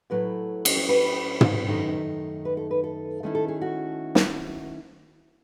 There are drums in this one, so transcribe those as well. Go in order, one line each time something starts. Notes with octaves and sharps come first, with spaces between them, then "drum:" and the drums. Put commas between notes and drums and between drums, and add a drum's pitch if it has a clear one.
A2 F#3 A3 E4 B4
D#5, drum: cymbal
C#5
B4
drum: tom
F#2 D#3 A3 D#4
B4
A4
B4
A4
D#3 A3 C#4 E4
A4
G#4
F#4
drum: snare